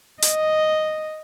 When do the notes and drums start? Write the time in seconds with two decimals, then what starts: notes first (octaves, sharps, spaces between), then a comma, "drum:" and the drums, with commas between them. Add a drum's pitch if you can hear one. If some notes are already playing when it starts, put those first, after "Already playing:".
0.22 D#5, drum: hi-hat